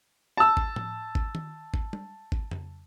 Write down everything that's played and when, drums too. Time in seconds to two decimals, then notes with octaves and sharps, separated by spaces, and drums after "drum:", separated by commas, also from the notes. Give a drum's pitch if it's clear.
0.37 A5 E6
0.57 drum: kick G#1
0.76 drum: tom A2
1.15 drum: kick G#1
1.35 drum: tom D#3
1.74 drum: kick G#1
1.93 drum: tom
2.32 drum: kick G#1
2.51 drum: tom F2